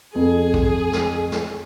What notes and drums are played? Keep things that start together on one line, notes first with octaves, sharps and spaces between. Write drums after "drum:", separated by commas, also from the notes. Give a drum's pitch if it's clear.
F2 G#4
drum: kick
drum: snare
drum: snare